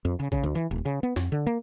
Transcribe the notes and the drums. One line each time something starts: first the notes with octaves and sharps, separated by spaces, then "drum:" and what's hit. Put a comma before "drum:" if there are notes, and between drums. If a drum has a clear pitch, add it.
F2
C#3
C#3, drum: kick, tambourine
D2
E3, drum: tambourine
D#1
C#3
B3
F2, drum: snare
D3
A#3